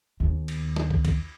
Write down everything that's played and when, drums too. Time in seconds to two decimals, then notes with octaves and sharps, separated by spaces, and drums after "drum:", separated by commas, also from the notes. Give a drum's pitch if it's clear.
0.20 D#2 B3
0.48 drum: cymbal
0.76 drum: snare
0.91 drum: kick
1.05 drum: kick, cymbal